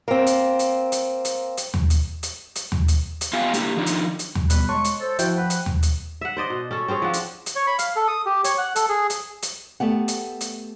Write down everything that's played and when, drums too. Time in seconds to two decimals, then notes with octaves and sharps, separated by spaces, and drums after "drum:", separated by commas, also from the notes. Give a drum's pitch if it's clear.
0.08 A#3 C4
0.26 drum: hi-hat
0.59 drum: hi-hat
0.92 drum: hi-hat
1.25 drum: hi-hat
1.57 drum: hi-hat
1.74 drum: tom D#2
1.90 drum: hi-hat
2.23 drum: hi-hat
2.55 drum: hi-hat
2.72 drum: tom D#2
2.88 drum: hi-hat
3.21 drum: hi-hat
3.33 B3 F4 G4 F5 G#5
3.54 A#3 D4 G4, drum: hi-hat
3.77 D#3 F3 D4 D#4 F4
3.86 drum: hi-hat
4.19 drum: hi-hat
4.35 drum: tom D#2
4.50 B2 G3 B4, drum: hi-hat
4.69 G#3 C#5 A5 C6 C#6
4.84 drum: hi-hat
5.00 A4 C5
5.19 F3 E4 F#4 C5 G5, drum: hi-hat
5.37 B4 F#5 G5
5.50 drum: hi-hat
5.66 drum: tom D#2
5.83 drum: hi-hat
6.21 E5 F#5
6.37 C5 D5 D#5
6.50 B2
6.71 C#4 A4
6.88 C4 C#4 G#4 C#5
7.02 F3 D4 F#5
7.13 drum: hi-hat
7.46 drum: hi-hat
7.56 C#5
7.67 B5
7.79 F5, drum: hi-hat
7.96 A4
8.08 D#6
8.26 G4
8.44 C#5, drum: hi-hat
8.58 F#5
8.76 A4, drum: hi-hat
8.89 G#4
9.10 drum: hi-hat
9.42 drum: hi-hat
9.80 A3 B3 G4 F#5
10.08 drum: hi-hat
10.41 drum: hi-hat